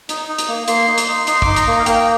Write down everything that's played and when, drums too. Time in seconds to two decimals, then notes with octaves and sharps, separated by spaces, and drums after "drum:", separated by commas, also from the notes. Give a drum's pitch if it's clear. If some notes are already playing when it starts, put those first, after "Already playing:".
0.09 D#4, drum: hi-hat
0.28 D#4
0.38 drum: hi-hat
0.48 A#3
0.68 A#3 C6, drum: hi-hat
0.88 D#4
0.98 drum: hi-hat
1.08 D#4
1.27 D#4 C6, drum: hi-hat
1.42 D6, drum: kick
1.47 D#4 C6
1.56 A#5, drum: hi-hat
1.67 A#3 A#5
1.79 F5
1.86 A#3 G5, drum: hi-hat